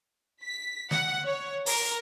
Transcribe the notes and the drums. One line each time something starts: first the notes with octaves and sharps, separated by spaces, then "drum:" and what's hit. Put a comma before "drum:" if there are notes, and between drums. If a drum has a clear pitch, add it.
B6
F#5, drum: snare
C#5
A#4, drum: open hi-hat